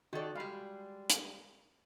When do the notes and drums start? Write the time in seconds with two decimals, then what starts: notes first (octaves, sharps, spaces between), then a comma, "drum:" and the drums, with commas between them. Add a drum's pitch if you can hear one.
0.13 D#3 F#4 A4 D5
0.35 G3 G#3 F5 B5
1.10 drum: hi-hat